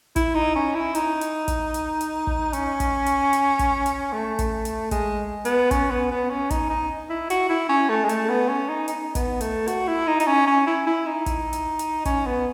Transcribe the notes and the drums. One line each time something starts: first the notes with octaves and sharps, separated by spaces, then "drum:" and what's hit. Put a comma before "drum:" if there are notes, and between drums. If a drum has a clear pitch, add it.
E4, drum: kick, hi-hat
D#4
C#4
E4
D#4, drum: hi-hat
drum: hi-hat
drum: kick, hi-hat
drum: hi-hat
drum: hi-hat
drum: kick
C#4, drum: hi-hat
drum: kick, hi-hat
drum: hi-hat
drum: hi-hat
drum: kick, hi-hat
drum: hi-hat
A3
drum: kick, hi-hat
drum: hi-hat
G#3, drum: kick, hi-hat
B3, drum: hi-hat
C#4, drum: kick, hi-hat
B3
B3
C#4
D#4, drum: kick, hi-hat
D#4
E4
F#4, drum: hi-hat
E4
C#4
A3
G#3
A3, drum: hi-hat
B3
C#4
D#4
D#4, drum: hi-hat
B3, drum: kick, hi-hat
A3, drum: hi-hat
F#4, drum: hi-hat
E4
D#4
D#4, drum: hi-hat
C#4
C#4
E4
E4
D#4
drum: kick, hi-hat
drum: hi-hat
drum: hi-hat
C#4, drum: kick, hi-hat
B3